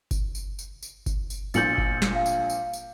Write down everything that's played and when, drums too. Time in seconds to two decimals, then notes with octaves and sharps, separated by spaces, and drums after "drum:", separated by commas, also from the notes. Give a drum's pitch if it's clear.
0.11 drum: kick G1, tambourine
0.35 drum: tambourine
0.59 drum: tambourine
0.83 drum: tambourine
1.06 drum: kick G1, tambourine
1.30 drum: tambourine
1.54 A#1 A#2 G6 A6 C#7 F#7, drum: tambourine
1.78 drum: kick G1
2.02 drum: snare
2.15 F5
2.26 drum: tambourine
2.50 drum: tambourine
2.73 drum: tambourine